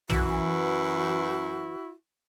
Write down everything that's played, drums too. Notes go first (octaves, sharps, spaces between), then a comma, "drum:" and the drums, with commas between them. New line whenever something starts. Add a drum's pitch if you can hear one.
F#2 E3 E4 F#4, drum: tom